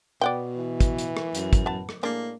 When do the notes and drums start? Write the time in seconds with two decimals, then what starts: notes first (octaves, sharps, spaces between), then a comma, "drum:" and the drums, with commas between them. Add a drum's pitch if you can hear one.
0.21 B2 B3 D5 F#5 G5
0.57 E3
0.80 drum: kick, hi-hat
0.99 drum: hi-hat
1.17 drum: rim click
1.35 F#2, drum: hi-hat
1.53 drum: kick, hi-hat
1.66 B3 A5
1.89 drum: rim click
2.03 A2 G#3 A#3 D4